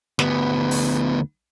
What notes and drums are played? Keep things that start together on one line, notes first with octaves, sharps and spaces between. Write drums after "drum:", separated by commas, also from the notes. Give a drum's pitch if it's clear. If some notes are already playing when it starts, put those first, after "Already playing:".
D2 B3, drum: snare
drum: open hi-hat